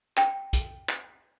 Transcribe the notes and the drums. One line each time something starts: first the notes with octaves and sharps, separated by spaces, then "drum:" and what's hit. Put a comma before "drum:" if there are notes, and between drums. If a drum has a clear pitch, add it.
G5, drum: clap
drum: kick B1, hi-hat
drum: clap